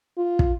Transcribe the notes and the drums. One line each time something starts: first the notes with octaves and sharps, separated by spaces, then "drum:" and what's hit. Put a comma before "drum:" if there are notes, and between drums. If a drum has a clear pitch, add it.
F4
drum: kick